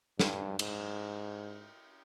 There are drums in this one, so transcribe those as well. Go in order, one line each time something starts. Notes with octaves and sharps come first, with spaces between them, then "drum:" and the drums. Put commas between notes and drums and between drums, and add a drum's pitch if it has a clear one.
G2, drum: snare
G#2, drum: cymbal